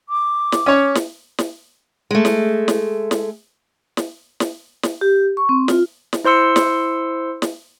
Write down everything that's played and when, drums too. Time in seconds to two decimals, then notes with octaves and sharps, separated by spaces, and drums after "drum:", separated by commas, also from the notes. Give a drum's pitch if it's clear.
0.09 D6
0.52 drum: snare
0.66 C#4 C#5
0.95 drum: snare
1.39 drum: snare
2.11 G#3 A3
2.25 drum: snare
2.68 drum: snare
3.11 drum: snare
3.97 drum: snare
4.40 drum: snare
4.83 drum: snare
5.01 G4
5.37 C#6
5.49 C4
5.68 F4, drum: snare
6.13 drum: snare
6.24 E4 C5 C6 E6 C#7
6.56 drum: snare
7.42 drum: snare